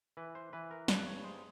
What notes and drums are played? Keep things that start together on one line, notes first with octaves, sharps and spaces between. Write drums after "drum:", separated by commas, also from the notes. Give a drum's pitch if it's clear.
E3 B4
C5
E3 B4
A#4
G2 B4, drum: snare
C#5
G#3 C5